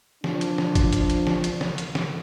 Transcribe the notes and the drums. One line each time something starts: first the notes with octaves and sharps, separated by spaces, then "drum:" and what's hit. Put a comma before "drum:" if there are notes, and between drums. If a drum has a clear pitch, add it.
F3 D4, drum: snare
drum: hi-hat
drum: snare
drum: kick, hi-hat
drum: hi-hat
drum: hi-hat
drum: snare
drum: hi-hat
drum: snare
drum: hi-hat
drum: snare